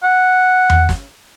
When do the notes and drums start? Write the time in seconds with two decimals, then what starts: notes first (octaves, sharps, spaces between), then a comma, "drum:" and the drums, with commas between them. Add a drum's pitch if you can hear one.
0.03 F#5
0.70 drum: tom E2
0.89 drum: snare